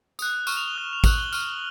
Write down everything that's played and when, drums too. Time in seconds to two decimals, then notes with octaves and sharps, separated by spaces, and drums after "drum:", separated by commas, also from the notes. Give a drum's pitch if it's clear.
0.19 D#6 F#6, drum: tambourine
0.47 C#6 F6 E7, drum: tambourine
0.57 F7
0.66 G7
0.75 D#6 F#6
0.93 F7
1.04 D#6 F#6 F#7, drum: kick, tambourine
1.18 G7
1.32 C#6 F6, drum: tambourine